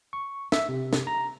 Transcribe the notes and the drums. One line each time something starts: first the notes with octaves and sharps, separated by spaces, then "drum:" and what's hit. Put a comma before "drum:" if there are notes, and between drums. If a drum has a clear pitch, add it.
C#6
E5, drum: snare
C3
drum: snare
A#5